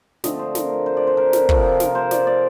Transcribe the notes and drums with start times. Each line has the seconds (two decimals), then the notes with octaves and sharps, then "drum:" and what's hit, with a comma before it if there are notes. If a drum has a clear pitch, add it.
0.24 D3 F3 A3 C4 D#5, drum: snare
0.39 C5
0.55 A#4, drum: snare
0.86 C5
0.97 D5
1.07 C5
1.17 A#4
1.33 drum: snare
1.49 C3 F3 C4, drum: kick
1.80 A#4, drum: snare
1.95 C5
2.11 D5, drum: snare
2.27 D5